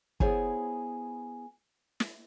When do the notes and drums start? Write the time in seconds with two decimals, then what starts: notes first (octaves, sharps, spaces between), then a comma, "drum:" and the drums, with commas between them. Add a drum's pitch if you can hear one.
0.20 B3 E4 G#4 C5 C#5 G#5, drum: kick
2.00 drum: snare